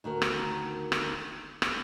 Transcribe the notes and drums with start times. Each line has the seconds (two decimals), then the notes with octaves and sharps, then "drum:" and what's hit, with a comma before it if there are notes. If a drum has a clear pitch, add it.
0.04 D2 D#3 F#4 A#4
0.22 drum: rim click
0.92 drum: rim click
1.62 drum: rim click